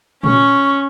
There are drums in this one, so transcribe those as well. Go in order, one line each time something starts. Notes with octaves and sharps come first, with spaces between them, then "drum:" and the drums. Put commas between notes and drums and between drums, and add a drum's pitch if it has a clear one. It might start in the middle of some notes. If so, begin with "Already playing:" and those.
C#4 C#6, drum: tom A#2